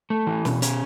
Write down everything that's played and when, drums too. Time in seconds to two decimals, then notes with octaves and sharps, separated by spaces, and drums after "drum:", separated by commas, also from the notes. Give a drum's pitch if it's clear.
0.10 A3
0.27 E3
0.45 B2, drum: snare
0.62 C#4, drum: hi-hat